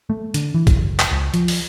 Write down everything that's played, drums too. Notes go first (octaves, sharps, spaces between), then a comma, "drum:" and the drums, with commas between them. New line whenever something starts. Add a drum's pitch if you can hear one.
A3
D3, drum: hi-hat
E3
drum: kick, hi-hat
F#1
drum: clap
C#2
F3, drum: hi-hat
drum: open hi-hat